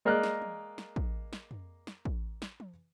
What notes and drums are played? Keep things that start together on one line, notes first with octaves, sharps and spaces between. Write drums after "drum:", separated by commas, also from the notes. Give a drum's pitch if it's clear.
G#3 A#3 A#4 D5 D#5 F#6
drum: snare
drum: tom
drum: snare
drum: kick
drum: snare
drum: tom
drum: snare
drum: kick
drum: snare
drum: tom